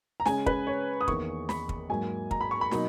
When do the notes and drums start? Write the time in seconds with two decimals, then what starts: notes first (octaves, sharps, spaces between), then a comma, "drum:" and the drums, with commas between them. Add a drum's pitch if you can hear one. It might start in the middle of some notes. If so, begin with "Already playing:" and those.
0.20 A#5
0.25 C#3 G#3 C#4 G#5, drum: snare
0.46 B4, drum: kick
0.67 C#5
1.01 D#6
1.08 E2 D#3 A#3 C#6, drum: kick
1.49 B5, drum: snare
1.69 drum: kick
1.89 G#2 F#3 A#3 G#5
2.31 A#5, drum: kick
2.41 B5
2.51 C#6
2.61 B5
2.71 B2 F#3 A#3 D#4, drum: snare